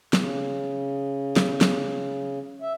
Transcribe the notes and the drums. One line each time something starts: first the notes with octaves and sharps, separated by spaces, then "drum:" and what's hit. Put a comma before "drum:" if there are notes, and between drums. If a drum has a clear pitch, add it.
C#3, drum: snare
drum: snare
drum: snare
E5